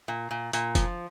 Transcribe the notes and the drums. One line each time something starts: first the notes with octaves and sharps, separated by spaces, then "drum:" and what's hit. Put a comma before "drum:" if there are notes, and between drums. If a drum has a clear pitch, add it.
A#2
A#2
A#2, drum: hi-hat
F3, drum: kick F1, hi-hat